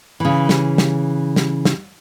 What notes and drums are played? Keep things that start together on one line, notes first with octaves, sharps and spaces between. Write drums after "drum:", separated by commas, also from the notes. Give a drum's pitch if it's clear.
C#3 E3
drum: snare
drum: snare
drum: snare
drum: snare